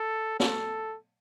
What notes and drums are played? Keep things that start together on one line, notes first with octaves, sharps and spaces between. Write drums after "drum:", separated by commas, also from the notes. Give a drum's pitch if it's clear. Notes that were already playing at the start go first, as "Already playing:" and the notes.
Already playing: A4
A4, drum: snare